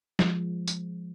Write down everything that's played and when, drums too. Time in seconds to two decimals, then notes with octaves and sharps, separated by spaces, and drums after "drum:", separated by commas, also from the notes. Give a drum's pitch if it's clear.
0.19 F3 G#3, drum: snare
0.68 drum: tambourine